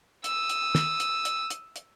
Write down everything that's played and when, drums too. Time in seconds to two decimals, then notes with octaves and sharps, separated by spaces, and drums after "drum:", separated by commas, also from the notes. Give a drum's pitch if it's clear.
0.24 D#6 E6, drum: hi-hat
0.49 drum: hi-hat
0.75 drum: snare
1.00 drum: hi-hat
1.25 drum: hi-hat
1.50 drum: hi-hat
1.76 drum: hi-hat